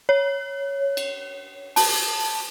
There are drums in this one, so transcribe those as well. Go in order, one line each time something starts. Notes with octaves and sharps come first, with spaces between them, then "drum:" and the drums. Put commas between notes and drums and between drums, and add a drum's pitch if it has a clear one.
C#5
drum: cymbal
A5, drum: open hi-hat